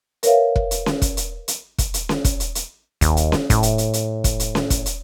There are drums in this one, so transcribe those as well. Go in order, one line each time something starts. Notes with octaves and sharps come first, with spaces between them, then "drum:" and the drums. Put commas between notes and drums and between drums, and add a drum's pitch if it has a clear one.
A#4 B4 C#5 E5 F5, drum: hi-hat
drum: kick
drum: hi-hat
drum: snare C#4
drum: kick, hi-hat
drum: hi-hat
drum: hi-hat
drum: kick, hi-hat
drum: hi-hat
drum: snare C#4
drum: kick, hi-hat
drum: hi-hat
drum: hi-hat
D#2, drum: kick, hi-hat
drum: hi-hat
drum: snare C#4
A2, drum: kick, hi-hat
drum: hi-hat
drum: hi-hat
drum: hi-hat
drum: kick, hi-hat
drum: hi-hat
drum: snare C#4
drum: kick, hi-hat
drum: hi-hat